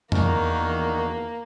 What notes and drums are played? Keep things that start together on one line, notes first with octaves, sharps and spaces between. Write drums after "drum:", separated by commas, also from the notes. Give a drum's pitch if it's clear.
E2 D#3 A#3 D4 F#4 A#4, drum: tom F2